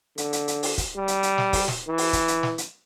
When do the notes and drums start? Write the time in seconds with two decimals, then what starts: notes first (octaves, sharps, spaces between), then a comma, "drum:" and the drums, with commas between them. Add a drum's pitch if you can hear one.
0.18 D3, drum: hi-hat
0.33 drum: hi-hat
0.48 drum: hi-hat
0.63 drum: open hi-hat
0.78 drum: kick, hi-hat
0.97 G3
1.08 drum: hi-hat
1.23 drum: hi-hat
1.38 drum: snare
1.53 drum: kick, open hi-hat
1.68 drum: snare
1.89 E3
1.98 drum: open hi-hat
2.13 drum: kick, hi-hat
2.28 drum: hi-hat
2.43 drum: snare
2.58 drum: hi-hat